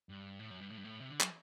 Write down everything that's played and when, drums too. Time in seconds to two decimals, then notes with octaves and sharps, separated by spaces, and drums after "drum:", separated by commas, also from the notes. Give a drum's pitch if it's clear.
0.09 G2
0.39 A2
0.50 F#2
0.60 G2
0.70 A2
0.78 G2
0.84 A2
1.00 C3
1.10 D3
1.21 F#3, drum: clap